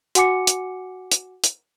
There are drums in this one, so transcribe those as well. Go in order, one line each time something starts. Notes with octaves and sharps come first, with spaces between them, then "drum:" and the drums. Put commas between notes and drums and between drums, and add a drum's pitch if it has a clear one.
F#4 F#5 G#5 D6 C#7, drum: hi-hat
drum: hi-hat
drum: hi-hat
drum: hi-hat